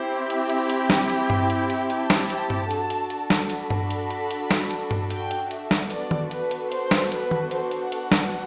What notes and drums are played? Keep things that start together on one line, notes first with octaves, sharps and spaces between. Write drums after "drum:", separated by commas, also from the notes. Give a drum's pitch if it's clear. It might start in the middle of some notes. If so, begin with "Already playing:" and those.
Already playing: C4 E4 G4 C5
E5, drum: hi-hat
drum: hi-hat
G5, drum: hi-hat
drum: snare
drum: hi-hat
drum: tom G2
drum: hi-hat
drum: hi-hat
A5, drum: hi-hat
drum: snare
drum: hi-hat
drum: tom G2
D4 F#4 A4, drum: hi-hat
drum: hi-hat
drum: hi-hat
drum: snare
B5, drum: hi-hat
drum: tom G2
drum: hi-hat
drum: hi-hat
drum: hi-hat
drum: snare
drum: hi-hat
drum: tom G2
G5, drum: hi-hat
drum: hi-hat
E5, drum: hi-hat
drum: snare
B3 D4 F#4 A4 D5, drum: hi-hat
drum: tom
B4, drum: hi-hat
drum: hi-hat
C5, drum: hi-hat
drum: snare
B4, drum: hi-hat
drum: tom
C5, drum: hi-hat
drum: hi-hat
F#5, drum: hi-hat
drum: snare